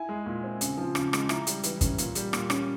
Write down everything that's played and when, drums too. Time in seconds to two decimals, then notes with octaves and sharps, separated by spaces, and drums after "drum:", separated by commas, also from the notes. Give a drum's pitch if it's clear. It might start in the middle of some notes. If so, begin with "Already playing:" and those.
Already playing: E4 G#5
0.09 G#3
0.26 A#2
0.44 C4
0.61 C#3, drum: hi-hat
0.78 F3
0.95 C#3, drum: rim click
1.13 G#3, drum: rim click
1.29 E4 A#5, drum: rim click
1.47 G3, drum: hi-hat
1.64 E3, drum: hi-hat
1.81 C#4, drum: kick, hi-hat
1.98 A#2, drum: hi-hat
2.15 G3, drum: hi-hat
2.33 A#2, drum: rim click
2.50 C#4, drum: rim click